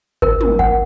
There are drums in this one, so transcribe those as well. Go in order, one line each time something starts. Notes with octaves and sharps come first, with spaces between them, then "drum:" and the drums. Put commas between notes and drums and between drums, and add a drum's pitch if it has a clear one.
A#4, drum: kick G1
drum: tom
F#5, drum: kick G1